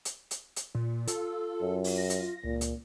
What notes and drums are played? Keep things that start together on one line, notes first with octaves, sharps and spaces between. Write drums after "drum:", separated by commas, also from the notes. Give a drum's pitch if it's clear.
drum: hi-hat
drum: hi-hat
drum: hi-hat
A#2
F4 A4, drum: hi-hat
F#2
drum: open hi-hat
A#6
drum: hi-hat
C#2 A#2
drum: hi-hat